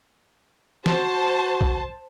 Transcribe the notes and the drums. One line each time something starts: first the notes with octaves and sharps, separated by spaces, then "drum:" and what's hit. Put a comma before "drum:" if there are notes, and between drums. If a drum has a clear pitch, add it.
F#4 C5 A5, drum: snare
drum: kick